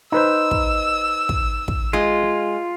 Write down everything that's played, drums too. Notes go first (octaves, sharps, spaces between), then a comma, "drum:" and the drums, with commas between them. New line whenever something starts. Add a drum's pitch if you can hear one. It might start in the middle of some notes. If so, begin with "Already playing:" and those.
D#4 B4 C5 E6
drum: kick
drum: kick
drum: kick
G#3 F4